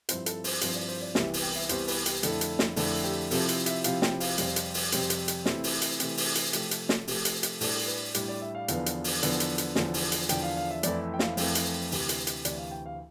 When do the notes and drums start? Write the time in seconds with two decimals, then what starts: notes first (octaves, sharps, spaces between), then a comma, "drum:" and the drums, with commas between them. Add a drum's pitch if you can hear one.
0.09 G2 F3 C4 E4 C5, drum: hi-hat
0.26 A4, drum: hi-hat
0.44 C5, drum: open hi-hat
0.61 G2 F3 C4 E4 C5, drum: hi-hat
0.75 D5
0.88 C5
1.02 D5
1.15 C2 C3 E3 B3 E5, drum: snare
1.33 drum: open hi-hat
1.43 G5
1.56 E5
1.69 C2 C3 E3 B3 C5, drum: hi-hat
1.88 B4, drum: open hi-hat
2.06 G4, drum: hi-hat
2.23 F2 D3 A3 E4 A4, drum: hi-hat
2.41 drum: hi-hat
2.59 drum: snare
2.76 F2 D3 A3 E4 A4, drum: open hi-hat
3.04 G4
3.31 C3 F3 C4 E4 A4, drum: open hi-hat
3.49 drum: hi-hat
3.66 E5, drum: hi-hat
3.84 C3 F3 C4 E4 F5, drum: hi-hat
4.02 G5, drum: snare
4.20 F5, drum: open hi-hat
4.38 F2 C3 G3 C4 F5, drum: hi-hat
4.56 drum: hi-hat
4.74 drum: open hi-hat
4.92 F2 C3 G3 C4, drum: hi-hat
5.10 drum: hi-hat
5.28 drum: hi-hat
5.46 C3 E3 A3 C4 E4, drum: snare
5.64 drum: open hi-hat
5.82 drum: hi-hat
6.00 C3 E3 A3 C4 E4, drum: hi-hat
6.17 drum: open hi-hat
6.35 drum: hi-hat
6.53 C3 F3 A3 G4, drum: hi-hat
6.71 drum: hi-hat
6.89 drum: snare
7.08 C3 F3 A3, drum: open hi-hat
7.25 drum: hi-hat
7.43 drum: hi-hat
7.61 A2 G3 D4 A4, drum: open hi-hat
7.75 A4
7.88 B4
8.15 A2 G3 D4 D5, drum: hi-hat
8.28 D5
8.42 E5
8.55 F5
8.68 E2 D3 F3 B3 F5, drum: hi-hat
8.86 drum: hi-hat
9.04 drum: open hi-hat
9.23 E2 D3 F3 B3, drum: hi-hat
9.40 drum: hi-hat
9.58 drum: hi-hat
9.75 E2 D3 F3, drum: snare
9.94 drum: open hi-hat
10.12 drum: hi-hat
10.29 E2 D3 F3 G5, drum: hi-hat
10.43 F5
10.57 F5
10.71 E5
10.83 F2 E3 A3 C4 E4 D5, drum: hi-hat
11.14 G5
11.19 F5, drum: snare
11.37 F2 E3 A3 C4 E4, drum: open hi-hat
11.55 drum: hi-hat
11.92 D2 C3 E3, drum: open hi-hat
12.09 drum: hi-hat
12.27 drum: hi-hat
12.45 D2 C3 E3 D5, drum: hi-hat
12.58 F5
12.71 G5
12.86 F5